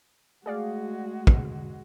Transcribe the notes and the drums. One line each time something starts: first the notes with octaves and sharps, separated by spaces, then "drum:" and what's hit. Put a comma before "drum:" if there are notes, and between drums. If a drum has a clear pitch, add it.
G#3 A3 F#4 G#4 D5 F5
drum: kick